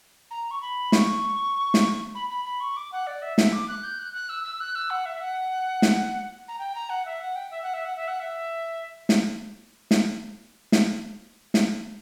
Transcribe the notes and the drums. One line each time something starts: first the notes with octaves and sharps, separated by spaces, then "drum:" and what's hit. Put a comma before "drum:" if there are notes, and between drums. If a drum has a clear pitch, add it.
A#5
C#6
B5
C#6, drum: snare
drum: snare
B5
B5
B5
C#6
D6
F#5
D5
E5
E5, drum: snare
D6
F#6
G6
F#6
F#6
E6
E6
F#6
E6
F#5
E5
F#5
drum: snare
A#5
G5
A#5
F#5
E5
F#5
G5
E5
F#5
E5
F#5
E5
F#5
E5
drum: snare
drum: snare
drum: snare
drum: snare